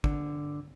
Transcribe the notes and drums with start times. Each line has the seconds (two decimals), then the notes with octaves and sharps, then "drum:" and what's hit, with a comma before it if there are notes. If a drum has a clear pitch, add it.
0.04 D3, drum: kick